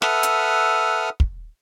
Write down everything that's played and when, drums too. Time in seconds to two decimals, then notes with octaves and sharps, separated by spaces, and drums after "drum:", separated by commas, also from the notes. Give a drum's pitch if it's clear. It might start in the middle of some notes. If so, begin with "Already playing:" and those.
0.02 A4 B4 E5 F#5 D#6 F6, drum: snare
0.23 drum: hi-hat
1.20 drum: kick